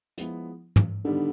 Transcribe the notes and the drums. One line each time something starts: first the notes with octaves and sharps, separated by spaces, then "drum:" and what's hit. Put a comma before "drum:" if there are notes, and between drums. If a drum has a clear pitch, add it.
F3 G#3 B3 E4, drum: hi-hat
drum: tom
D3 D#3 G3 B3